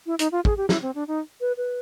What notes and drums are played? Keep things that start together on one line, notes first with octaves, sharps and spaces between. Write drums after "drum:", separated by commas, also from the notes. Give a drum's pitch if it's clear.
E4
D#4, drum: hi-hat
F4
G#4, drum: kick
G4
E4, drum: snare
C4
D4
D#4
B4
B4